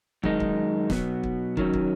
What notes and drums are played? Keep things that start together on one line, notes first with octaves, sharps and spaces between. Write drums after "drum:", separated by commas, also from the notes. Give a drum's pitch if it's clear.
F#2 D#3 G#3 D#4, drum: kick
drum: kick
B2 F#3 B3, drum: snare
drum: kick
D#3 F#3 C#4, drum: kick
drum: kick